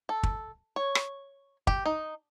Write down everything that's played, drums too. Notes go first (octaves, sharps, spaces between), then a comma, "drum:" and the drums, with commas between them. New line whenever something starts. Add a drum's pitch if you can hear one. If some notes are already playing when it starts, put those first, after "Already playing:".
A4
drum: kick
C#5
drum: rim click
G4, drum: kick
D#4